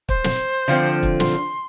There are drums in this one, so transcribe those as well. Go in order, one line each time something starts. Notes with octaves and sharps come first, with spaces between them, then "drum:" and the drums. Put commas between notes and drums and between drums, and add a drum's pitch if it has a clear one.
C5, drum: kick
drum: snare
D3 F3 C4
drum: kick
C6, drum: snare